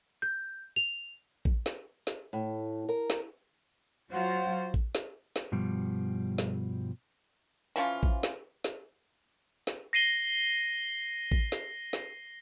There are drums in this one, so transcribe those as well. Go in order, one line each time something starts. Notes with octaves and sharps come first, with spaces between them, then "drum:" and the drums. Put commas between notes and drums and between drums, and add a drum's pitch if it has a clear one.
G6
F7
drum: kick A1
drum: snare
drum: snare
A2
A#4
drum: snare
F#3 F4 C5 F#5
drum: kick A1
drum: snare
drum: snare
G2 B2 F3 G3
drum: snare
E3 F3 C#4 F4
drum: kick A1
drum: snare
drum: snare
drum: snare
A#6 C7 D#7 G7
drum: kick A1
drum: snare
drum: snare